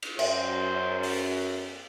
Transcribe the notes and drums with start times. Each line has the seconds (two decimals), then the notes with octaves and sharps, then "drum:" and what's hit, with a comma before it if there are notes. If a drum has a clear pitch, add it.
0.02 drum: cymbal
0.19 F#2 C5, drum: cymbal
1.03 drum: open hi-hat